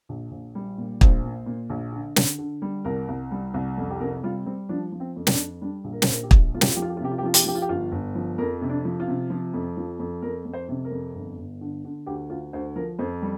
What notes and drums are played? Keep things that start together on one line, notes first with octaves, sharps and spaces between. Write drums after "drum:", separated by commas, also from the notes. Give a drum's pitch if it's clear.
A#1
A#1
G3
A#2
A#1 C5, drum: kick
A#2
A#2
A#1
D3
D3, drum: snare
D3
G3
C2 A#4
C2
G3
C2
F2
G4
C3 A#4
G3 F4
G3 C4
F3 D4
F3
C4
F2
C4, drum: snare
D4
F2
G3 D4
A#1
A#4
C5, drum: snare
A#1 A#4
G4
A#1, drum: kick
F2 F4
G4, drum: snare
F4
F3 G4
F4
G4
F4
C3 G4
F4
G4
F3 F4
G4, drum: hi-hat
F4
F3 G4
F4
G4
G1 F4
G1
F3
F2 A#4
C3
D4
F3
F4
C3
F3
F2
F3
F2
F2 A#4
F2
C5
C3
A#4
F2
G1
G1
D3
D3
D2 G4
D2 F4
D2 C5
F3 A#4
F2 C5
G3